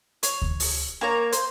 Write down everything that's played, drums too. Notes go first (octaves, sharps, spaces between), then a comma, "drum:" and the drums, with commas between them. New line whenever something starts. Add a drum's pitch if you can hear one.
C#5, drum: hi-hat
drum: kick D2
drum: open hi-hat
A#3 A#4 C#5 A#5
C5, drum: hi-hat